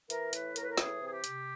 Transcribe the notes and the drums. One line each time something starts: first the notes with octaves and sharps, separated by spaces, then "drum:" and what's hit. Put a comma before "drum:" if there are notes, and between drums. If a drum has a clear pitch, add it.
E3 A#4, drum: hi-hat
A2 B4, drum: hi-hat
A2 A#4, drum: hi-hat
B4
A#4
E3 G#4, drum: snare
C3 G#4
G4
C3, drum: hi-hat